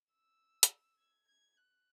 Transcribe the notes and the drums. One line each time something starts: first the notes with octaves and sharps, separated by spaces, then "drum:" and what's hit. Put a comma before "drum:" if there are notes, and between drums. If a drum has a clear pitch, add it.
E6
drum: hi-hat
G#6
G#6
F#6